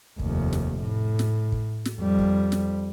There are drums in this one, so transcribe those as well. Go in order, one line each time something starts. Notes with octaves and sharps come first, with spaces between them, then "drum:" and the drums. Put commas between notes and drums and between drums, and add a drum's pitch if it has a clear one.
F1 D#2, drum: kick
drum: snare
A2
drum: snare
drum: kick
drum: snare
F2 G3
drum: kick
drum: snare